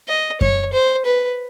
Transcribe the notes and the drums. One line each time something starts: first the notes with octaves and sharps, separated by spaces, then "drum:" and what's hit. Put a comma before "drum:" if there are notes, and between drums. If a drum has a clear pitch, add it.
D#5
C#5, drum: kick F#2
C5
B4